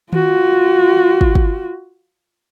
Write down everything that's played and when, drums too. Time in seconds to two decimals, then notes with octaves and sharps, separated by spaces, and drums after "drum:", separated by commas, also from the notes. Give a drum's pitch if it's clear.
0.13 F4 F#4, drum: tom D#3
1.21 drum: kick
1.35 drum: kick